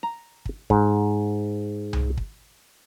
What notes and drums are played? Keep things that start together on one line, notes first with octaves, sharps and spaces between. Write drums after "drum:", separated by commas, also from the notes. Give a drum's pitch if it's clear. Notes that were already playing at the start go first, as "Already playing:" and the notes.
A#5
drum: kick
G#2, drum: kick
drum: tom C2
drum: kick